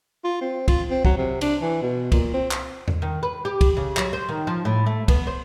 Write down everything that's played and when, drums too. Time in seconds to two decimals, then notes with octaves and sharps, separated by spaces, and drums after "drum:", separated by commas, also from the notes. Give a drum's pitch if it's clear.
0.24 F4
0.41 C4
0.68 F4, drum: kick C2, cymbal
0.90 C4
1.05 F#3, drum: kick C2
1.17 C3
1.41 D4, drum: cymbal
1.62 E3
1.82 B2
2.12 A#2, drum: kick C2, cymbal
2.34 C4
2.51 drum: clap
2.88 drum: tom E2
3.02 D#3
3.23 B4
3.45 G4
3.61 drum: kick C2, cymbal
3.77 C#3
3.97 F#3, drum: clap
4.13 C5
4.29 D#3
4.47 F3
4.65 A2
4.86 A3
5.08 B3, drum: kick C2, cymbal
5.27 C5